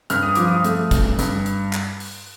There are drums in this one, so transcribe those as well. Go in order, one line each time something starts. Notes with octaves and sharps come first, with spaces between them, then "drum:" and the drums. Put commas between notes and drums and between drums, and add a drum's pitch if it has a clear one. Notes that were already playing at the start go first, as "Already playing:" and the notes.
G2 F6, drum: hi-hat
D#6
F3 D6, drum: hi-hat
D#6
A3, drum: hi-hat
G2, drum: kick, hi-hat
G2, drum: hi-hat
drum: hi-hat
drum: clap
drum: open hi-hat